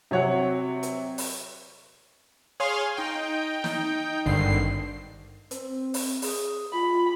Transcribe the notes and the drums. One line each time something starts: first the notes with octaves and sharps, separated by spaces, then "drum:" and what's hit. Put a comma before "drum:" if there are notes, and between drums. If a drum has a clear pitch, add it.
C3 F#3 C#5 F#5
drum: hi-hat
drum: open hi-hat
G#4 C#5 F5 G#5 C6 F6
D#4 G5
drum: snare
G#1 G2 D3 D#3 C7
C4, drum: hi-hat
drum: open hi-hat
G#4, drum: open hi-hat
F4 B5